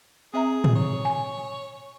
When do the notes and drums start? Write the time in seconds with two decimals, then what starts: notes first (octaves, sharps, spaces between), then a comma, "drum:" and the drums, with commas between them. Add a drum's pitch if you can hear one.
0.34 C4 G#4 E5 A#5
0.64 drum: tom
0.75 C#5
1.05 G#5